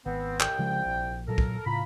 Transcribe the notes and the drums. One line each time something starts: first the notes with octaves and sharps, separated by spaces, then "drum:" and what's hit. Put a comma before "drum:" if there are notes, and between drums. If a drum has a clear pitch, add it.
G#1 B3 C4
C2 G5, drum: clap
C#3 F3 G#3
A#1
A#2 F#3 A4 A#4
drum: kick
A2 C#3 F4 A#5 B5